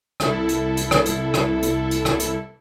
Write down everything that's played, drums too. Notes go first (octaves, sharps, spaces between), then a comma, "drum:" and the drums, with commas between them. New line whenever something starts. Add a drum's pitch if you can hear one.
C2 E4 A4, drum: rim click
drum: hi-hat
drum: hi-hat
drum: rim click
drum: hi-hat
drum: rim click
drum: hi-hat
drum: hi-hat
drum: rim click
drum: hi-hat